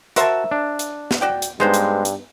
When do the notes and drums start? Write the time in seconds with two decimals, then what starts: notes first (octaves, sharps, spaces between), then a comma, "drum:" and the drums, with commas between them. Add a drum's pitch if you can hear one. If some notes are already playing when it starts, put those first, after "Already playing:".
0.16 F#4 A#4 C5 E5 A5, drum: hi-hat
0.51 D4
0.79 drum: hi-hat
1.11 drum: snare
1.21 F#4 D5 G5
1.42 drum: hi-hat
1.60 G2 G#3 B3 D#4 A4 C5
1.74 drum: hi-hat
2.05 drum: hi-hat